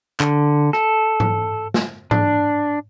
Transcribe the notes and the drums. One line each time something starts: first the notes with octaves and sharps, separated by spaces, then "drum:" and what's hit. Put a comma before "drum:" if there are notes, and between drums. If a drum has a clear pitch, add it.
D3, drum: clap
A4, drum: rim click
drum: tom G#2
drum: snare
D4, drum: tom G#2